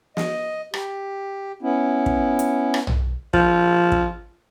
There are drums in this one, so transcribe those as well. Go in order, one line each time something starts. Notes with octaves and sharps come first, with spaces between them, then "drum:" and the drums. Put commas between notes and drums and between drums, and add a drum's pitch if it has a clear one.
D#5, drum: snare
G4, drum: rim click
B3 C#4 E4
drum: kick
drum: hi-hat
drum: rim click
drum: tom B1
F3, drum: kick
drum: kick